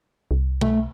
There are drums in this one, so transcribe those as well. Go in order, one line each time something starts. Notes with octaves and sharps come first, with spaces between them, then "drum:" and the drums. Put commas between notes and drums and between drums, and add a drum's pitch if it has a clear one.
C2
A3, drum: tom B2